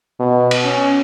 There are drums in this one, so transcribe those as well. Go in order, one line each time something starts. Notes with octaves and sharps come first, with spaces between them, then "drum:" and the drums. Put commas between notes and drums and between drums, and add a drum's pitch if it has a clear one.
B2
drum: cymbal
C#4